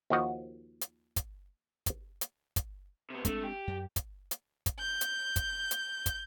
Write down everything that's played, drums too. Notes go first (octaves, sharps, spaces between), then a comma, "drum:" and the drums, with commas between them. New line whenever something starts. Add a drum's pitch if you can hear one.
D#2 D#3 F3 F#4 D#5
drum: hi-hat
drum: kick, hi-hat
drum: kick, hi-hat
drum: hi-hat
drum: kick, hi-hat
C3 B3
G#3 A3 C4 D4, drum: kick, hi-hat
G4
F#2
drum: kick, hi-hat
drum: hi-hat
drum: kick, hi-hat
G6
drum: hi-hat
drum: kick, hi-hat
drum: hi-hat
drum: kick, hi-hat